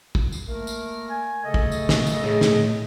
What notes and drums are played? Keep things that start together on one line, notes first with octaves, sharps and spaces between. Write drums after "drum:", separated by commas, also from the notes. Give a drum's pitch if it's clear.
drum: kick
drum: tambourine
A3 A#3 A#4
drum: tambourine
G#5
C#3 A3 A4 D#5
drum: kick
drum: tambourine
drum: snare
drum: tambourine
A2 G#4
drum: snare